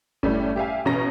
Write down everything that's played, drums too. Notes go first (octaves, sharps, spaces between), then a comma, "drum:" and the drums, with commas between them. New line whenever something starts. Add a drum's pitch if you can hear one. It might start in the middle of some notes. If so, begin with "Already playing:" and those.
A2 G3 A3 C#4, drum: kick F#1
G4 E5 F5 G#5
A1 B2 C#4 A#5 A#6